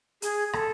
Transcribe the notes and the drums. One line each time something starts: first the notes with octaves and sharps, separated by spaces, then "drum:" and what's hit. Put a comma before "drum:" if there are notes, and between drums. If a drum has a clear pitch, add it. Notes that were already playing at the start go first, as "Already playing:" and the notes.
G#4, drum: hi-hat
A4, drum: rim click